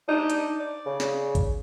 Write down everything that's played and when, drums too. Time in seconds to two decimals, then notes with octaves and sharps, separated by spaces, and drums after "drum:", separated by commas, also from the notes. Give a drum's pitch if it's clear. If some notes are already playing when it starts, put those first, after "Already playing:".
0.08 D4 D#4
0.30 drum: hi-hat
0.60 D5
0.86 C#3
1.00 C#3, drum: snare
1.35 drum: kick A1, hi-hat